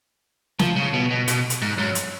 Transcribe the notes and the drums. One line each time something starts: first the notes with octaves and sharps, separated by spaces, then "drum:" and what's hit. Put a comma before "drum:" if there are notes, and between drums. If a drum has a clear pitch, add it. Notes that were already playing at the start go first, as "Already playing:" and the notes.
F3, drum: snare
C#3
B2
B2
B2, drum: hi-hat
drum: hi-hat
G#2
F#2
drum: hi-hat